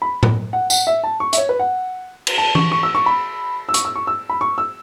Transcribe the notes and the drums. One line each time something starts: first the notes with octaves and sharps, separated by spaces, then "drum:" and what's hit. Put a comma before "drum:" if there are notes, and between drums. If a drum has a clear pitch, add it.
B5
drum: tom A2
F#5
F#5, drum: tambourine
E5
A5
C#6
E5, drum: hi-hat
C#5
B4
F#5
drum: cymbal
A5
C#6, drum: tom E3
C#6
E6
C#6
B5
E6
C#6, drum: hi-hat
E6
C#6
E6
B5
C#6
E6